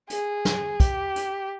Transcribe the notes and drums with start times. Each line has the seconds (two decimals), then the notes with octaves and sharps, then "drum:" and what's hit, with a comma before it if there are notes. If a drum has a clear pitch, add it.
0.10 G#4, drum: hi-hat
0.45 drum: snare
0.80 G4, drum: kick, hi-hat
1.16 drum: hi-hat